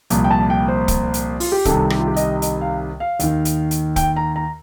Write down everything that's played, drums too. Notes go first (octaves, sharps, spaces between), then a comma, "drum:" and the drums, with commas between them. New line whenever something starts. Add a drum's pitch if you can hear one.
C2 A#2 F3, drum: hi-hat
G5
A5
G5
C5
drum: kick, hi-hat
drum: hi-hat
F4, drum: open hi-hat
G4
C2 C3 D#3 A4, drum: kick, hi-hat
G4, drum: rim click
F4
G4
D#5, drum: hi-hat
D#5, drum: hi-hat
F5
F5
D#2 D#3, drum: hi-hat
drum: hi-hat
drum: hi-hat
G5, drum: kick, hi-hat
A#5
A#5